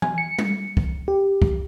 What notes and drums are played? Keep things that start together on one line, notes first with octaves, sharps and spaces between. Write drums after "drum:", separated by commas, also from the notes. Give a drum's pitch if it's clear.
G#5, drum: tom E3
C#7
drum: tom G3
drum: kick
G4
drum: kick